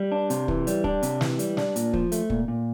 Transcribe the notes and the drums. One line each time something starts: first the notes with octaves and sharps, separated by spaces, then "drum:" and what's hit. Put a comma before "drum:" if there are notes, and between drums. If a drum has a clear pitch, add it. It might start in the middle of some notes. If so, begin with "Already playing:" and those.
Already playing: G3
D4
C3, drum: hi-hat
E3, drum: kick
G3, drum: hi-hat
D4, drum: kick
C3, drum: hi-hat
E3, drum: snare
G3, drum: hi-hat
D4, drum: snare
A#2, drum: hi-hat
F3, drum: kick
A3, drum: hi-hat
A#2, drum: kick
A#2